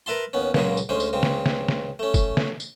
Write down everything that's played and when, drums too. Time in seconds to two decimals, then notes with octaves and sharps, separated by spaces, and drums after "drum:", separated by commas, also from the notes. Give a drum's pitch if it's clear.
0.06 A#4 B4 E5 A5 C6
0.33 D#2 B3 C#4
0.54 C#2 A#2 C#3 F#3 G#3, drum: snare
0.77 drum: tambourine
0.89 D2 G#3 C#4 C5
1.00 drum: tambourine
1.13 C#2 C#3 C4
1.23 drum: snare
1.46 drum: snare
1.68 drum: snare
1.99 A3 C#4
2.14 drum: kick G1, tambourine
2.37 drum: snare
2.60 drum: tambourine